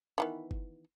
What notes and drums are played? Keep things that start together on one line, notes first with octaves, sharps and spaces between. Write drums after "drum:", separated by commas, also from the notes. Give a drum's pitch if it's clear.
D#3 E3 B3
drum: kick G1